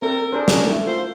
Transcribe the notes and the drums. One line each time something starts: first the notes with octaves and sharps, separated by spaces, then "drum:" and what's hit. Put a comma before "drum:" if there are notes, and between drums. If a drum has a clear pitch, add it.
C4 A4 A#4
D4 G#4 A#4 C5
C#4 A#4, drum: snare
A3
F4 C5